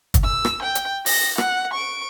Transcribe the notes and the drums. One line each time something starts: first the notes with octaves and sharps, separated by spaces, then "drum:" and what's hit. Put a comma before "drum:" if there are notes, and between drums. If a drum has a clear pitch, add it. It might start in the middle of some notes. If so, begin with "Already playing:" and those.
drum: kick, hi-hat
E6
drum: rim click
G5
drum: hi-hat
A#6, drum: open hi-hat
F#5, drum: rim click
C#6 D7